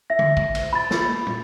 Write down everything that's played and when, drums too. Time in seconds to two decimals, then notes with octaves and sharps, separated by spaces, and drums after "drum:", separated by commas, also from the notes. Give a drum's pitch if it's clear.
0.10 E5 A#6
0.19 drum: tom
0.37 drum: kick
0.55 drum: cymbal
0.73 B5 A6
0.91 drum: snare
1.26 drum: tom